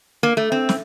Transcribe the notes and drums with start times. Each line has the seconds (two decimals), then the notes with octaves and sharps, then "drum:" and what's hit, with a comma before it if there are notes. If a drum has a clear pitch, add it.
0.23 A#3
0.37 A3
0.52 C4
0.69 drum: snare